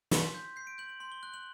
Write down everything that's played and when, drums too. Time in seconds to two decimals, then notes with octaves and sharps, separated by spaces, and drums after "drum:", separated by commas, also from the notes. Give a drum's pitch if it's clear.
0.11 C6 B6, drum: snare
0.35 G6
0.56 G6 C7
0.67 D7
0.78 G6 F#7
0.89 F#7
1.00 C6 F#7
1.12 G7
1.23 F#6 G7
1.34 F#7